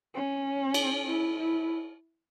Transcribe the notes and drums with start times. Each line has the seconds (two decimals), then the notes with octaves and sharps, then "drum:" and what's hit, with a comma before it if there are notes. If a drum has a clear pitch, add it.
0.15 C#4
0.74 drum: cymbal
1.07 E4
1.39 E4